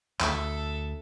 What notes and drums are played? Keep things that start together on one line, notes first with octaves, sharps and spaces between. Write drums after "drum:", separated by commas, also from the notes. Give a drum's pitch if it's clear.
D2 A4 E5, drum: clap